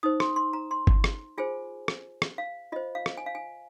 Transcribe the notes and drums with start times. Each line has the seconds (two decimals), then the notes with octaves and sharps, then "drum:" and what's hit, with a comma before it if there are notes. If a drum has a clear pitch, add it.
0.03 D#4 C5 D#6
0.20 C6, drum: rim click
0.36 C6
0.53 A#5
0.71 C6
0.87 drum: kick G1
1.04 drum: rim click
1.38 F4 G#4 C5 G#5
1.88 drum: rim click
2.22 drum: rim click
2.38 F5
2.72 F4 C5 D#5
2.95 F5
3.06 drum: rim click
3.17 G#5
3.26 F5
3.35 G#5